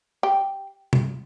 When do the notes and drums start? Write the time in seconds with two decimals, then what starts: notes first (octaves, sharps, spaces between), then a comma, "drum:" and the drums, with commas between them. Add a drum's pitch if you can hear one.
0.23 G4
0.93 drum: tom B2